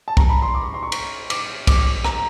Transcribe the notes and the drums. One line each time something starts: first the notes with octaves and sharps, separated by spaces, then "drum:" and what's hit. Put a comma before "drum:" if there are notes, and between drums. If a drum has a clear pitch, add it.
A5
A#5, drum: kick
B5
C6
D6
C#6
C6
C#6
drum: cymbal
D6, drum: cymbal
D6, drum: kick, cymbal
D6
A#5, drum: rim click